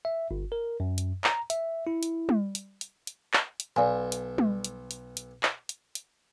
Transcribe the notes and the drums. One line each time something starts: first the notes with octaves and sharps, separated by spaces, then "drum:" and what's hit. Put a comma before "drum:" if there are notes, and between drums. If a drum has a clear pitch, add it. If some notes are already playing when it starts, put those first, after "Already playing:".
E5
G1
A#4
F#2
drum: hi-hat
A#5, drum: clap
E5, drum: hi-hat
E4
drum: hi-hat
drum: tom G3
drum: hi-hat
drum: hi-hat
drum: hi-hat
drum: clap
drum: hi-hat
B1 D5 F5 G#5
drum: hi-hat
drum: tom G3
drum: hi-hat
drum: hi-hat
drum: hi-hat
drum: clap
drum: hi-hat
drum: hi-hat